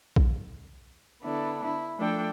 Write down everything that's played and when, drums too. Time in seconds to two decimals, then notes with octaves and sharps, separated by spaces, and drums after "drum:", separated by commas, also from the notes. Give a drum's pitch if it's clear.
0.16 drum: kick B1
1.24 D3 B3 D4 E4 A4
1.64 E4
1.97 F3 A3 D4 A4 G5